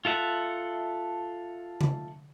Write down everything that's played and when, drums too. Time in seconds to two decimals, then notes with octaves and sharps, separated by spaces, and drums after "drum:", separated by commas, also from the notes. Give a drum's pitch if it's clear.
0.05 F4 A4 E5 F#5
1.81 drum: tom C3